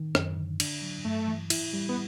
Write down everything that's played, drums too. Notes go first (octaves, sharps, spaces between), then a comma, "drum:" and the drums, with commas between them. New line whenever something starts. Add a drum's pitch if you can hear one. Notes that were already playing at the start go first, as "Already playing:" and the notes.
Already playing: D#3
F#2, drum: rim click
D3
D4, drum: cymbal
F#3
G2 A3
E3
E4, drum: cymbal
G3
B3